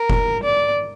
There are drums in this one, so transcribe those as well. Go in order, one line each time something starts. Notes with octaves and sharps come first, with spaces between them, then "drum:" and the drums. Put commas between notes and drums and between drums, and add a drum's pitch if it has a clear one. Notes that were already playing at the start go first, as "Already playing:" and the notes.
Already playing: A#4
drum: kick F1
D5